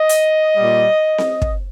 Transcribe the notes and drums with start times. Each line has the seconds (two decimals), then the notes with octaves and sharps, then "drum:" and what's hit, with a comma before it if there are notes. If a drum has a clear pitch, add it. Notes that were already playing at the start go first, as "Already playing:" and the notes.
Already playing: D#5
0.09 drum: hi-hat
0.57 A#2 G3
1.18 drum: snare C4
1.42 drum: kick